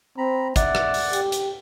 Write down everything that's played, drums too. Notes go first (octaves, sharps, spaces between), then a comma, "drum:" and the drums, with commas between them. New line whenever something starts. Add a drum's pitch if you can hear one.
C4 A#5 B5
D5 E5 F#5, drum: kick, hi-hat
drum: rim click
drum: open hi-hat
G4, drum: hi-hat
drum: hi-hat